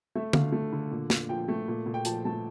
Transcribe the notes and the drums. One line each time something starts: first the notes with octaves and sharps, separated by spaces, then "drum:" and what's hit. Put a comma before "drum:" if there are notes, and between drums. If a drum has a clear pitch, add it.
A3 E5
D3 F5, drum: tom
A3
D3
A#2
A#2, drum: snare
F3 G5
A3
A#2
A#2
G5
F3 A5, drum: hi-hat
A3 A5